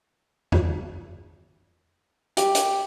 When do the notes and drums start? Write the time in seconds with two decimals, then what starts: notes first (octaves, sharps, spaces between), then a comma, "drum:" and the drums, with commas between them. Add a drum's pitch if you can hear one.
0.52 drum: tom E2
2.37 G4, drum: hi-hat
2.55 drum: hi-hat